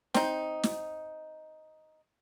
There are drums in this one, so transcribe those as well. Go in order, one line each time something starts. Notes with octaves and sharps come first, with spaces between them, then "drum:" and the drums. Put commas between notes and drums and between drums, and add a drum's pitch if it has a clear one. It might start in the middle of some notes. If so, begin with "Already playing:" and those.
C4 D#4, drum: snare
drum: snare